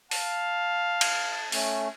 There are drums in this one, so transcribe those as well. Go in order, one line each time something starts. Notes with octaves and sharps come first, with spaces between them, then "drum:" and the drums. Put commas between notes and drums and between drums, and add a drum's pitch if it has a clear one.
F5 A5, drum: open hi-hat
drum: cymbal
A3 C#4, drum: open hi-hat